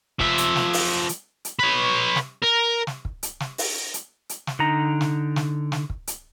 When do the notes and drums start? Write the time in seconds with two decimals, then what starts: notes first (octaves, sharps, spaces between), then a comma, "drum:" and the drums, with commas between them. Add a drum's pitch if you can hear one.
0.20 F3 E5, drum: kick
0.38 drum: hi-hat
0.56 drum: snare
0.73 drum: open hi-hat
1.09 drum: hi-hat
1.45 drum: hi-hat
1.59 B4 C#5
2.16 drum: snare
2.44 A#4
2.87 drum: snare
3.05 drum: kick
3.23 drum: hi-hat
3.40 drum: snare
3.58 drum: open hi-hat
3.94 drum: hi-hat
4.29 drum: hi-hat
4.47 drum: snare
4.59 D3 D#4 A#5
5.01 drum: snare
5.36 drum: snare
5.72 drum: snare
5.90 drum: kick
6.07 drum: hi-hat